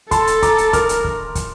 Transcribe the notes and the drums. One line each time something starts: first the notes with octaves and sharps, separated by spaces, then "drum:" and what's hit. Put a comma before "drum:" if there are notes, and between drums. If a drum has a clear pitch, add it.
A4 A5 C6, drum: kick, hi-hat
drum: hi-hat
A#5 D6, drum: kick, hi-hat
drum: hi-hat
A#4 D6 F6, drum: kick, hi-hat
drum: hi-hat
drum: kick
drum: kick, hi-hat